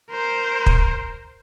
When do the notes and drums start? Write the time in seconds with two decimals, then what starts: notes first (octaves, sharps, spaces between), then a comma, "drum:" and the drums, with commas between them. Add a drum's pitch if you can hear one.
0.10 A#4 C5
0.66 drum: kick